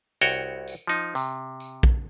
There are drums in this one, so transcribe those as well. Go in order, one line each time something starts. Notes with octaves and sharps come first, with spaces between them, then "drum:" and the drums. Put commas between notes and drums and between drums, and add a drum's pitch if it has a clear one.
C2 F#4 C#5 G5, drum: tambourine
drum: tambourine
F3 D#4
C3, drum: tambourine
drum: tambourine
drum: kick A#1